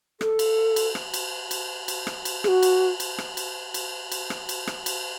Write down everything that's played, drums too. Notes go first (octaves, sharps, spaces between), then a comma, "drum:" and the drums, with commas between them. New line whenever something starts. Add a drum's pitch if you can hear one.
A4, drum: rim click
drum: cymbal
drum: cymbal
drum: rim click
drum: cymbal
drum: cymbal
drum: cymbal
drum: rim click
drum: cymbal
G#4, drum: rim click
F#4
drum: cymbal
drum: cymbal
drum: rim click
drum: cymbal
drum: cymbal
drum: cymbal
drum: rim click
drum: cymbal
drum: rim click
drum: cymbal